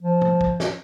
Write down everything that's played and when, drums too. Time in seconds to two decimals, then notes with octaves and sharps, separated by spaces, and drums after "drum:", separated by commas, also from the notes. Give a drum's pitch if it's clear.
0.02 F3
0.22 drum: tom
0.41 drum: kick
0.60 drum: snare